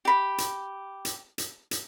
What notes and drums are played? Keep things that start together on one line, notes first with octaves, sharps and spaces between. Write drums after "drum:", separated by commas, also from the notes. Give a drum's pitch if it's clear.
G4 B5
drum: hi-hat
drum: hi-hat
drum: hi-hat
drum: hi-hat